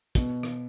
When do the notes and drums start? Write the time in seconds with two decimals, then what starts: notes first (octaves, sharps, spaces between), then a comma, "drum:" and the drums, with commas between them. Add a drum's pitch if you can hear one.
0.15 B2, drum: kick, hi-hat
0.43 drum: rim click